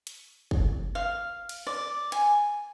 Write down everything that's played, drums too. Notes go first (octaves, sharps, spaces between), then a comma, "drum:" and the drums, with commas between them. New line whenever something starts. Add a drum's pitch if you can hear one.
drum: hi-hat
drum: kick
F5
drum: cymbal
D5
G#5, drum: hi-hat